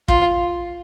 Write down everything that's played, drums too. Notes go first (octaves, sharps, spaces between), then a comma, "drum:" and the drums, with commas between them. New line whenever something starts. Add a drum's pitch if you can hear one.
F4, drum: kick